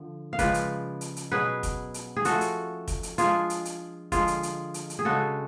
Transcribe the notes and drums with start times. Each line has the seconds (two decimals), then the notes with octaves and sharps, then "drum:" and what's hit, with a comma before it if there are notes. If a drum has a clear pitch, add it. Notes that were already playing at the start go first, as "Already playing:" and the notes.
Already playing: D3 F3
0.33 F5
0.39 C#3 F3 G#3 B4 D5, drum: kick, hi-hat
0.54 drum: hi-hat
1.01 drum: hi-hat
1.16 drum: hi-hat
1.32 B2 F#3 C#4 G#4 B4
1.63 drum: kick, hi-hat
1.94 drum: hi-hat
2.16 G#4
2.25 F3 A3 C#4 F#4 A4, drum: hi-hat
2.41 drum: hi-hat
2.88 drum: kick, hi-hat
3.03 drum: hi-hat
3.18 F3 G#3 D4 F4 G#4, drum: hi-hat
3.50 drum: hi-hat
3.65 drum: hi-hat
4.12 D3 F3 G#3 F4 G#4, drum: kick, hi-hat
4.28 drum: hi-hat
4.43 drum: hi-hat
4.74 drum: hi-hat
4.90 drum: hi-hat
4.99 G#4
5.05 C#3 G#3 D4 F#4 A4